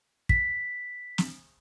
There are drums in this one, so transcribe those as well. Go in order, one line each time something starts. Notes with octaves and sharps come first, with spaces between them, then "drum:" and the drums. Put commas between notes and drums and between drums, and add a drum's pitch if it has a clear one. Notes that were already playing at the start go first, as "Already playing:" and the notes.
B6, drum: kick
drum: snare